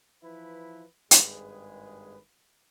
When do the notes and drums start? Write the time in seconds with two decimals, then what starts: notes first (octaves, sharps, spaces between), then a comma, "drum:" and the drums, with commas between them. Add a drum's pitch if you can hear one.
0.23 E3 F3 E4 B4
1.11 G#1 G2 G#3 G#4 B4, drum: hi-hat